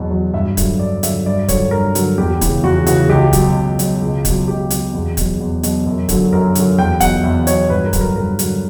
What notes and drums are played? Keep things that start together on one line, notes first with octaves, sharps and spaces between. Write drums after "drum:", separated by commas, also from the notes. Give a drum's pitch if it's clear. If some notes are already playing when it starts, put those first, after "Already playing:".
Already playing: E2 B2 F#3
B2 F#3
G2 E5
D3 F#3, drum: kick, hi-hat
G2 D5
D3 F#3 E5, drum: hi-hat
G2 D5
D3 F#3 C#5, drum: kick, hi-hat
G2 A#4
D3 F#3, drum: hi-hat
E2 G4
C#3 E3, drum: kick, hi-hat
E2 F#4
C#3 E3 F#4, drum: hi-hat
C#2 G4
B2 F#3, drum: kick, hi-hat
C#2
B2 F#3, drum: hi-hat
C#2
B2 F#3, drum: kick, hi-hat
C#2 G4
B2 F#3, drum: hi-hat
E2
B2 F#3, drum: kick, hi-hat
E2
B2 F#3, drum: hi-hat
F#2
D3 F#3, drum: kick, hi-hat
F#2 A#4
D3 F#3, drum: hi-hat
E2 G5
B2 F#3 F#5, drum: kick, hi-hat
E2 E5
B2 C#5, drum: hi-hat
F#3
G2 B4
A#4
D3 F#3, drum: kick, hi-hat
A#4
G2 A#4
D3 F#3, drum: hi-hat